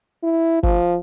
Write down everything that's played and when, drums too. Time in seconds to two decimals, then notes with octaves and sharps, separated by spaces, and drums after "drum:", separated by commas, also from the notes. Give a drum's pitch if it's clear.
0.24 E4
0.63 F3, drum: kick G1